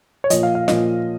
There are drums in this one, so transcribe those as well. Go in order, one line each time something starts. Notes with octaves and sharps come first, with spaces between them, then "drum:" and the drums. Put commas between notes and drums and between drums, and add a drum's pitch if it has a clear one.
C#5
A#2 F3 D#5, drum: hi-hat
F5
F5
A#2 F3 D#5, drum: snare